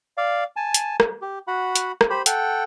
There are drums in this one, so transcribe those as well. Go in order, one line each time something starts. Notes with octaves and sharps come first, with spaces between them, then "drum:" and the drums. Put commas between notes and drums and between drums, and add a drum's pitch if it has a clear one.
D5 F5
G#5 A5
drum: hi-hat
drum: rim click
G4
F#4 F#5 B5
drum: hi-hat
drum: rim click
G4 C5 B5
A4 F#5 G5, drum: hi-hat